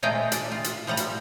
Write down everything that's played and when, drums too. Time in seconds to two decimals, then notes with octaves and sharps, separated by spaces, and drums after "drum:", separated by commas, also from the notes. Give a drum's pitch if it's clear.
0.03 A#2 G#3 A3 D#5 F5 G5
0.32 D5, drum: hi-hat
0.52 F4
0.64 drum: hi-hat
0.87 F3 G3 F#5 A5 A#5
0.97 drum: hi-hat